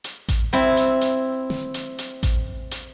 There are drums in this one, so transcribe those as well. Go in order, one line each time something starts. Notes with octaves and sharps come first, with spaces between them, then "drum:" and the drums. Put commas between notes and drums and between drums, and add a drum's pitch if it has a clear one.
drum: hi-hat
drum: kick A1, hi-hat
C4 E4
drum: hi-hat
drum: hi-hat
drum: snare
drum: hi-hat
drum: hi-hat
drum: kick A1, hi-hat
drum: hi-hat